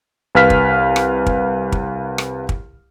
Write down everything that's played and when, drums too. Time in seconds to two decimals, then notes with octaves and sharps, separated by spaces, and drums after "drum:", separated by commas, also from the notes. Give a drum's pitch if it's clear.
0.35 C2 B4 F5 F6 B6
0.50 drum: kick
0.96 drum: rim click
1.26 drum: kick
1.72 drum: kick
2.18 drum: rim click
2.49 drum: kick